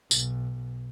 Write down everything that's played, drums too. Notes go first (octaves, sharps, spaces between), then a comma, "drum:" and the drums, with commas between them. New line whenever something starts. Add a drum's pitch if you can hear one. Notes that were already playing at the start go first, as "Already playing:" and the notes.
B1, drum: tambourine